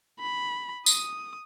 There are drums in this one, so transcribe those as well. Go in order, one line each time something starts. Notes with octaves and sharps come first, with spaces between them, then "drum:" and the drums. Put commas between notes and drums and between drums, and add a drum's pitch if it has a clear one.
B5
D#6, drum: tambourine